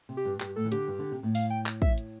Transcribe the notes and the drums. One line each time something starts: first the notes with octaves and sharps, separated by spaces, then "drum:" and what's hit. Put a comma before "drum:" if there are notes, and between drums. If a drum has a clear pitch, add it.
C3
G4
G2
G2 G4, drum: clap
A2 A4
E3
D3 G4, drum: hi-hat
G2
D3
C3
A2
F5, drum: open hi-hat
G5
drum: clap
E5, drum: kick
drum: hi-hat